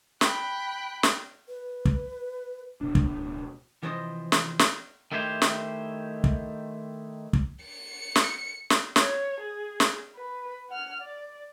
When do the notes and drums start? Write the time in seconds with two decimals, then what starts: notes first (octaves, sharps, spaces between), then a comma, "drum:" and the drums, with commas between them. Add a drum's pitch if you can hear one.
0.21 G5 B5 F#6, drum: snare
1.03 drum: snare
1.49 B4
1.85 drum: kick
2.81 D1 B2 D4
2.95 drum: kick
3.83 C3 E3 F3 C5 D#5
4.32 drum: snare
4.59 drum: snare
5.12 D#3 A3 E4 G4 C5
5.42 drum: snare
6.24 drum: kick
7.33 drum: kick
7.64 C#7
8.15 drum: snare
8.70 drum: snare
8.96 C#5, drum: snare
9.40 G#4
9.80 drum: snare
10.15 B4
10.69 F#5 F6
11.02 D5